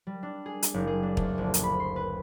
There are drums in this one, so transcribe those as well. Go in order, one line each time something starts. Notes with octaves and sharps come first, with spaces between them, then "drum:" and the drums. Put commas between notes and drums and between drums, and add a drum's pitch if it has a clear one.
G3
D4
G#4
drum: hi-hat
F#1
G#4
D4
D2, drum: kick
A#1
drum: hi-hat
B5
C6
B4